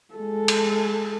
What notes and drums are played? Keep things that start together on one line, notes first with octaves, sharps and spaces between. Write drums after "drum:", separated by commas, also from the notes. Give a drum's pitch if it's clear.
G#3 A4
drum: cymbal